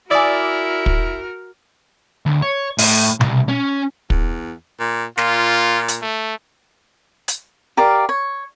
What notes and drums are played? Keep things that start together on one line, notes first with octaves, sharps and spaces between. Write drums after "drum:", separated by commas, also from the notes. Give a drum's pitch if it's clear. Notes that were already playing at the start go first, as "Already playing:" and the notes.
E4 F#4 A#4 D5 G#5 D#6 E6
drum: kick
D2
C#5
A2, drum: open hi-hat
C2, drum: tom B2
C#4
E2, drum: kick
A#2
A#2 F4, drum: snare
drum: hi-hat
A3
drum: hi-hat
G4 A#4 D5 F5
C#5